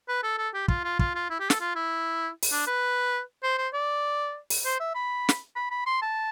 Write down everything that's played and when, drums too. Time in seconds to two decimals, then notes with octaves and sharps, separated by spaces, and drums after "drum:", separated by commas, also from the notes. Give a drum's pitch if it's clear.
0.08 B4
0.23 A4
0.38 A4
0.54 G4
0.68 F4, drum: kick
0.84 F4
0.99 F4, drum: kick
1.15 F4
1.30 E4
1.40 G4
1.50 A4, drum: snare
1.61 F4
1.75 E4
2.43 drum: open hi-hat
2.52 D4
2.67 B4
3.43 C5
3.58 C5
3.74 D5
4.50 drum: open hi-hat
4.65 C5
4.80 E5
4.95 B5
5.29 drum: snare
5.56 B5
5.71 B5
5.86 C6
6.02 A5